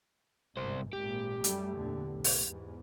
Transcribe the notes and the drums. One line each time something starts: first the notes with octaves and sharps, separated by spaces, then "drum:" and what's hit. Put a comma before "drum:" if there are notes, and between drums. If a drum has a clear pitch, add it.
G1 C2 G#2 C5
G#1 A#2 G4
F#2 G3 A3, drum: hi-hat
E2 A#2 D3
B1 A2
drum: open hi-hat
E2 G#2